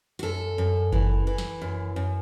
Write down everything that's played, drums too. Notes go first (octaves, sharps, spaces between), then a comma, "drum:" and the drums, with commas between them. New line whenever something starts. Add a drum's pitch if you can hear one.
F#4
F#2 A4
F#2
E3, drum: kick F#1
E3
drum: snare
F#2
F#2